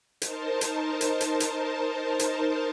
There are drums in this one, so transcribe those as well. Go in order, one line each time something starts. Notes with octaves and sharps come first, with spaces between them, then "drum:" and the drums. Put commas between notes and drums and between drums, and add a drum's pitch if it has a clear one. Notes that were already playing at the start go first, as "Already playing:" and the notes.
D#4 A#4 C5 A5, drum: hi-hat
drum: hi-hat
drum: hi-hat
drum: hi-hat
drum: hi-hat
drum: hi-hat